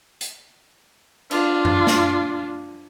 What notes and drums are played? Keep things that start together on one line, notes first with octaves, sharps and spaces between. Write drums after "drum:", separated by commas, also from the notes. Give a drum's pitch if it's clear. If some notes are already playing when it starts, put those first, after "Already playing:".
drum: hi-hat
D4 F4, drum: cymbal
drum: tom F#2
drum: snare